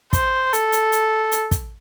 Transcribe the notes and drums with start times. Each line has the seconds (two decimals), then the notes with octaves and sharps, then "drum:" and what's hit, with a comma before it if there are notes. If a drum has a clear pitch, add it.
0.13 C5, drum: kick, hi-hat
0.53 A4, drum: hi-hat
0.72 drum: hi-hat
0.92 drum: hi-hat
1.32 drum: hi-hat
1.51 drum: kick, hi-hat